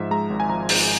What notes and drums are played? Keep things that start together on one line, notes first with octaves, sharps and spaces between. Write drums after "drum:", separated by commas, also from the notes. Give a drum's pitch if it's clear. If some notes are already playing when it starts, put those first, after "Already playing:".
Already playing: G#2 F3 E5
G#3 A#5
G#1
G#5
F3 A#5
G#2, drum: open hi-hat